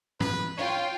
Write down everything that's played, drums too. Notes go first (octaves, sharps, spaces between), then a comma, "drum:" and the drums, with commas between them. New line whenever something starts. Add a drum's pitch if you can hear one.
B4, drum: tom
F4 C#5 G5